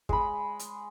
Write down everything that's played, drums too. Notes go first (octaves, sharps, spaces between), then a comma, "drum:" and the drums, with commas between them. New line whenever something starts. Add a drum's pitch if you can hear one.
G#3 B5, drum: kick
drum: hi-hat